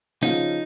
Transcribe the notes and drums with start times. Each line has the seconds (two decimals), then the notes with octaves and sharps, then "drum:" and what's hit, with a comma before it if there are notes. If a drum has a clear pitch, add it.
0.21 C#3 F3 C#4 D#4 F4, drum: hi-hat